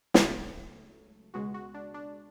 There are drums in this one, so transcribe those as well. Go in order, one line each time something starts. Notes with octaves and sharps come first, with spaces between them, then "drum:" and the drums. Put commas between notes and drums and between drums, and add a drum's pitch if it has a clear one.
C#2 C#3 F#3 A3, drum: snare
C#2 B2 G#3 F#4
F#4
D4
D4